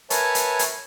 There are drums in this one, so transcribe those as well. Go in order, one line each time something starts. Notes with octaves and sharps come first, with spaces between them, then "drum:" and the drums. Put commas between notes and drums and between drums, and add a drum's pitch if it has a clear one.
A#4 B4 C#5 E5 G#5 A5, drum: hi-hat
drum: hi-hat
drum: hi-hat